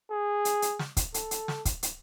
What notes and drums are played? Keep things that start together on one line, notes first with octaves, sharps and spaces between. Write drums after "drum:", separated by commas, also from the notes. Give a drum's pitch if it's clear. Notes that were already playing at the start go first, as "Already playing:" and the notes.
G#4
drum: hi-hat
drum: hi-hat
drum: snare
drum: kick, hi-hat
A4, drum: hi-hat
drum: hi-hat
drum: snare
drum: kick, hi-hat
drum: hi-hat